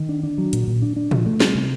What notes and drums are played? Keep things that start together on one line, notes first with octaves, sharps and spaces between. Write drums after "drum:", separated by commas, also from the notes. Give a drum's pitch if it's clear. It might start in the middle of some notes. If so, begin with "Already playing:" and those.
Already playing: D#3
D4
D4
F#3
A#2, drum: hi-hat
A#2
D4
D4
F3, drum: tom A2
A3
G3, drum: snare
C3